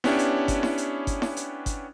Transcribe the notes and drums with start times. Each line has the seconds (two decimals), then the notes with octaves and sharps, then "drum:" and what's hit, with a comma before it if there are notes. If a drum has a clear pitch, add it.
0.04 B3 C#4 D4 E4 G4 C#5, drum: snare E4
0.19 drum: hi-hat
0.48 drum: kick G1, hi-hat
0.63 drum: snare E4
0.78 drum: hi-hat
1.07 drum: kick G1, hi-hat
1.22 drum: snare E4
1.37 drum: hi-hat
1.66 drum: kick G1, hi-hat